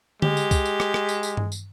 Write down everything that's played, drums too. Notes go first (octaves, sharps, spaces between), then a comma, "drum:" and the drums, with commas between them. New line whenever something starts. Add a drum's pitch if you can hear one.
G#3 G4, drum: tom D3
drum: tambourine
drum: kick C2, tambourine
drum: tambourine
drum: rim click
drum: rim click
drum: tambourine
drum: tambourine
drum: tom G2
drum: tambourine